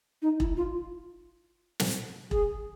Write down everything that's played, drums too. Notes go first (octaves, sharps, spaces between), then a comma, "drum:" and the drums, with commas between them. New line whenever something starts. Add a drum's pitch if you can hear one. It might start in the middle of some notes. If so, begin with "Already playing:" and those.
D#4
E4, drum: kick E1
F4
drum: snare
G#4, drum: kick E1